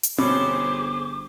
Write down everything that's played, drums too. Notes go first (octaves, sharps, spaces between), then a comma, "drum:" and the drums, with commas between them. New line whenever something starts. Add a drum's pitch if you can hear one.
drum: hi-hat
G1 B2 C#4 G4 G#4 C5 D6, drum: tom C4